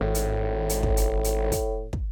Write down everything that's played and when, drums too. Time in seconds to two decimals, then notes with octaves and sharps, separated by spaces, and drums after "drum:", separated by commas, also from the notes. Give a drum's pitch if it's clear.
0.01 G#1 A2
0.15 drum: hi-hat
0.69 drum: hi-hat
0.83 drum: kick
0.97 drum: hi-hat
1.24 drum: hi-hat
1.52 drum: kick, hi-hat
1.93 drum: kick